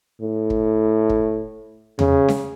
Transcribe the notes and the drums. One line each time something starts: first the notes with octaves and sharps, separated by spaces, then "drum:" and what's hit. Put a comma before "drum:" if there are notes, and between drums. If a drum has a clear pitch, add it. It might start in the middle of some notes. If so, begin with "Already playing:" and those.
A2
drum: kick
drum: kick
C#3, drum: tom E2
drum: snare C#4